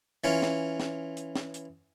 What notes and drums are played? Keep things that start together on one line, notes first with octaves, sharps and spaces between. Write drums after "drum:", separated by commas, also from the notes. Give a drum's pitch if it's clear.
E3 C#4 F4
drum: snare
drum: snare
drum: hi-hat
drum: snare
drum: hi-hat